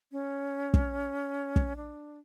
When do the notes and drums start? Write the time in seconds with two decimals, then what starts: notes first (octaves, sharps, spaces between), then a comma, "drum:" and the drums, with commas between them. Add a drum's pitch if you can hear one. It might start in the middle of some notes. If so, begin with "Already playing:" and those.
0.12 C#4
0.74 drum: kick
1.56 drum: kick
1.76 D4